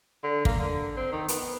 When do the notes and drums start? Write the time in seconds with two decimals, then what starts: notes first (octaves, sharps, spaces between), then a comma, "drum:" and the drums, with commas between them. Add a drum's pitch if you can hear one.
0.24 D3
0.45 A#3, drum: kick
0.59 D3
0.97 C4
1.12 D#3
1.28 B3, drum: hi-hat